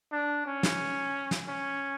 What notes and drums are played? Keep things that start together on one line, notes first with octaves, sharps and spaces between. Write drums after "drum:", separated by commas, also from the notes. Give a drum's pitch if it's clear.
D4
C#4
drum: snare
drum: snare
C#4